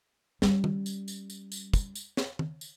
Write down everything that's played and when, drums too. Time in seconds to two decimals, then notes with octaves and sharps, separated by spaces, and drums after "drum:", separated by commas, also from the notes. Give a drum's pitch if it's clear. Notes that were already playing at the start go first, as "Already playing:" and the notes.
0.42 G3 C#4, drum: snare
0.64 drum: tom D#3
0.86 drum: tambourine
1.08 drum: tambourine
1.30 drum: tambourine
1.52 drum: tambourine
1.74 drum: kick, tambourine
1.95 drum: tambourine
2.17 drum: snare
2.39 drum: tom D#3
2.61 drum: tambourine